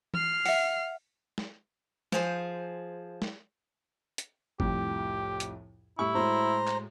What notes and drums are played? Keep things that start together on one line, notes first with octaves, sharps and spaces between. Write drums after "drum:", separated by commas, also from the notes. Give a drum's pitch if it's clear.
F6 C7, drum: tom E3
E5 F#5, drum: open hi-hat
drum: snare
F3 G#4 C5, drum: snare
drum: snare
drum: hi-hat
C2 F2 A2 G4, drum: kick G1
drum: hi-hat
A2 G3 E4 C#6
A2 F#3 G#3 C5 A#5
drum: clap